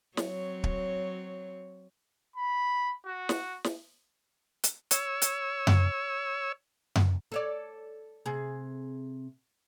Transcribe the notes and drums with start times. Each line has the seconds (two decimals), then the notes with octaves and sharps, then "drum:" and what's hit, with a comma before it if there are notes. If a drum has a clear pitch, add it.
0.17 F#3 C4 C#5, drum: snare
0.64 drum: kick
2.36 B5
3.06 F#4
3.29 drum: snare
3.64 drum: snare
4.64 drum: hi-hat
4.91 C#5 E6, drum: hi-hat
5.22 drum: hi-hat
5.67 drum: tom F#2
6.96 drum: tom F#2
7.32 A4 C#5 D5
8.26 C3 G#4